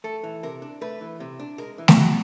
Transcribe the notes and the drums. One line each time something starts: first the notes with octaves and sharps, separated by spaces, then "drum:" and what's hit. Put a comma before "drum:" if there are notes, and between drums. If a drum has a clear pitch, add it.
A3 A4
E3
C3 A#4
D4
A3 B4
E3
C3
D4
G#3 A#4
E3
drum: snare A3
C#3 F#4